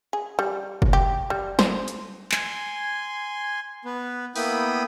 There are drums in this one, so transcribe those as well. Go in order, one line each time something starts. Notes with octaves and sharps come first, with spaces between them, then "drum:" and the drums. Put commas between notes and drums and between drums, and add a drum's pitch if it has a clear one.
G#4
G3
drum: kick
G4
G3
C5, drum: snare
drum: hi-hat
G#5 C6, drum: clap
B3 B4
A#3 B3 E4 G5 B5 D#6, drum: open hi-hat